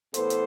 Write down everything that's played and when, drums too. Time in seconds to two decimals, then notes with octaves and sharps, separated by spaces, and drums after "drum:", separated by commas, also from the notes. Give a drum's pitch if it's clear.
0.14 A2 E3 B3 A4 C5, drum: hi-hat
0.30 drum: hi-hat